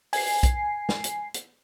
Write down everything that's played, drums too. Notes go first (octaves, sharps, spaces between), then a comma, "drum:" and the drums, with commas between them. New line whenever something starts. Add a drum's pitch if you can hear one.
G#5 C7, drum: open hi-hat
drum: kick B1, hi-hat
drum: snare
drum: hi-hat
drum: hi-hat